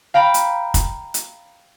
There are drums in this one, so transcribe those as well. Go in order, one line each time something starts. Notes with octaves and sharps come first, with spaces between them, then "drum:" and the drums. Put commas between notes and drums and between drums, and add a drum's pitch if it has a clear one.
F5 G5 A#5 B5
drum: hi-hat
drum: kick, hi-hat
drum: hi-hat